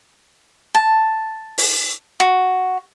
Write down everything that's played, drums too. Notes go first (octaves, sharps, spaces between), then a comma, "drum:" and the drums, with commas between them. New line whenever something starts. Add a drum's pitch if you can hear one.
A5
drum: open hi-hat
F#4